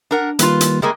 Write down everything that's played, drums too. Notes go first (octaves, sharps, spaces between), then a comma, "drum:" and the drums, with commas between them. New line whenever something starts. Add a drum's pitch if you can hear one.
D4 A#4 F#5
D#3 G3 A#3 F4 B4, drum: hi-hat
drum: hi-hat
G3 G#3 A#3